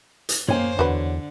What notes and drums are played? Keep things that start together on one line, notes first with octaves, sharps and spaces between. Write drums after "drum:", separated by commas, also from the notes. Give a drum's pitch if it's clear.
drum: hi-hat
A#3 C5 C#5 G#5, drum: tom F#2
E2 D3 F#4 B4